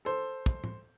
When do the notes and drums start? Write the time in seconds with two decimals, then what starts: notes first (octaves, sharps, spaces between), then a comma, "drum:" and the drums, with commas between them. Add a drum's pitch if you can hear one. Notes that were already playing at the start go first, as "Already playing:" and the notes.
0.05 A4 C5
0.46 drum: kick
0.64 drum: tom